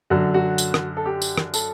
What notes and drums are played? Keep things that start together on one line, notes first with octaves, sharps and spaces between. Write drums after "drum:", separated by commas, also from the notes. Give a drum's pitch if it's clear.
F#2 D3 F#3 F#4
F#4
drum: tambourine
drum: rim click
A4
G4
drum: tambourine
drum: rim click
A4, drum: tambourine